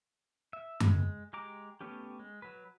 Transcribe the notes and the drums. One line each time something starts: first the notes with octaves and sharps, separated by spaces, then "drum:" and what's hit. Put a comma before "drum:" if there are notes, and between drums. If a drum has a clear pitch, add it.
E5
G#3, drum: tom F#2
G#3 G4 A#5 D6
A3 B3 C#4 G4
G#3
F#3 B4